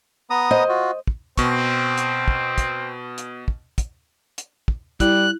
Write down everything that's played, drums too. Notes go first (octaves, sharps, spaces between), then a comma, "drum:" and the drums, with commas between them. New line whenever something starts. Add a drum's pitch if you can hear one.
B3 A#5 D#6
C5 D#5
F4 F#4
drum: kick
B2 C4 C#6, drum: kick, hi-hat
drum: hi-hat
drum: kick
drum: kick, hi-hat
drum: hi-hat
drum: kick
drum: kick, hi-hat
drum: hi-hat
drum: kick
G3 E4 F#6, drum: kick, hi-hat